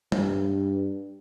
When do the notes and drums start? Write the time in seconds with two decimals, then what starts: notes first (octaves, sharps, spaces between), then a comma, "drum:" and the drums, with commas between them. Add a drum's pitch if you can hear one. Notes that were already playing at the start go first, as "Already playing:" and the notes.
0.12 G2, drum: tom